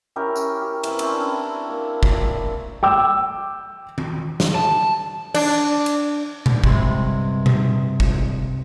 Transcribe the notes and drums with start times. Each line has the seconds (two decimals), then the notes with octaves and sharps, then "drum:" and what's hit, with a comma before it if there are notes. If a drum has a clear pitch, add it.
0.16 C#4 E4 G4 A#4
0.36 drum: tambourine
0.62 G4
0.83 E3 C4, drum: cymbal
0.99 C4 C#4 E4, drum: cymbal
1.11 D4
1.69 A#3
2.03 drum: kick
2.83 G5 D6 E6
3.98 drum: tom D#3
4.40 drum: snare
4.55 A5
5.34 D4, drum: cymbal
5.86 drum: cymbal
6.46 drum: tom A#2
6.64 G2 C3 G#3, drum: kick
7.46 drum: tom A#2
8.00 drum: kick